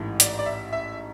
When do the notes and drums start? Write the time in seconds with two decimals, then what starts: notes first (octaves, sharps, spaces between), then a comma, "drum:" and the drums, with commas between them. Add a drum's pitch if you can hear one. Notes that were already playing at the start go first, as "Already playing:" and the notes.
Already playing: A1 G#2 E3 A3
0.20 D5, drum: hi-hat
0.39 D5
0.46 E5
0.73 E5